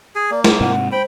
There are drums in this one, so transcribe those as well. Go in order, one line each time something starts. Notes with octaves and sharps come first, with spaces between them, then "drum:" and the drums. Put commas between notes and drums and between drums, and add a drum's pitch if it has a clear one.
G#4 G#5
A#3 D5
G#4, drum: snare
G#2 C3 F#5
C5 G5 B5